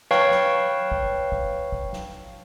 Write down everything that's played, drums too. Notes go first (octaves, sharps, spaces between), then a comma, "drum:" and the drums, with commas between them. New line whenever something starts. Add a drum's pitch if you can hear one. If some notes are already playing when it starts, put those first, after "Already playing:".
B4 C#5 F5 G5 A5 C#6, drum: snare
drum: snare
drum: kick
drum: kick
drum: kick
drum: snare